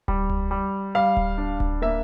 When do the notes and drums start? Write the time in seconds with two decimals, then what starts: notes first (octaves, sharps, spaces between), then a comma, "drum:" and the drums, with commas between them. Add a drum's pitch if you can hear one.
0.08 G3, drum: kick D1
0.30 drum: tom C#2
0.51 G3
0.95 G3 F5
1.17 drum: kick D1
1.38 D4
1.60 drum: kick D1
1.82 A#3 E5